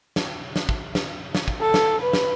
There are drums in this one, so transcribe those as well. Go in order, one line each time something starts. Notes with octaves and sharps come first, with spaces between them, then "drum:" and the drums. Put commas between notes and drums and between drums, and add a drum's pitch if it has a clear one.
drum: snare
drum: snare
drum: kick
drum: snare
drum: snare
drum: kick
A4
drum: snare
B4
drum: snare